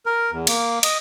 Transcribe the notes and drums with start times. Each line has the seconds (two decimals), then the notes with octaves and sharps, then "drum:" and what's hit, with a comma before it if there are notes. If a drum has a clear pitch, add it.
0.06 A#4
0.31 E2
0.47 A#3, drum: cymbal
0.83 D#5, drum: cymbal